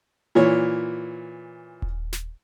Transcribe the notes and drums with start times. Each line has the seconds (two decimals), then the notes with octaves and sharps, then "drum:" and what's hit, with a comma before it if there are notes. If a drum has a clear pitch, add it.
0.35 A#2 E3 C#5
1.82 drum: kick D#1
2.13 drum: snare